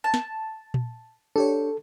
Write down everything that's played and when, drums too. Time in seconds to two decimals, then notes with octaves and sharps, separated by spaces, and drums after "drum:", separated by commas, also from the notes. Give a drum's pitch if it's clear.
0.04 A5
0.14 drum: snare
0.74 drum: tom A#2
1.36 D4 G4 A4 C#5